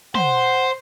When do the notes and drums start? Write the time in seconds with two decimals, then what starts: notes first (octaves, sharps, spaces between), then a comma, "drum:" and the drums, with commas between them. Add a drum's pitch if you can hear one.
0.15 C5 F#5, drum: tom